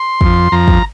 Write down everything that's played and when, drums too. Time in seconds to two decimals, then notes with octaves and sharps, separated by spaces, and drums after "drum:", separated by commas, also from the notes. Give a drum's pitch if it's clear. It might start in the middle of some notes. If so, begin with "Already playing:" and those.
Already playing: C6
0.21 F2 F3, drum: kick
0.52 F2 F3 A#5
0.68 drum: kick